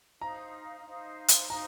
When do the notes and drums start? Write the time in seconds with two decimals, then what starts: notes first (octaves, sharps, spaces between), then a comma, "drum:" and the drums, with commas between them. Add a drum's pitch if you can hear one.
0.21 D#4 C5 F5 A#5
0.87 D#4 C5 F5
1.28 drum: hi-hat
1.50 D#4 C5 F5 A#5